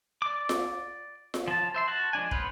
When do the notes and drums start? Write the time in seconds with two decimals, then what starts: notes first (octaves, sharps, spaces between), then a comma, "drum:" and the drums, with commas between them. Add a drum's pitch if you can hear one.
0.22 D5 D6
0.49 drum: snare F4
1.34 drum: snare F4
1.48 F3 C#4 A5
1.74 C5 E5 C6
1.88 F#4 A5
2.13 F3 G#3 D4 G#5
2.31 B3 C#4 B4 C5, drum: kick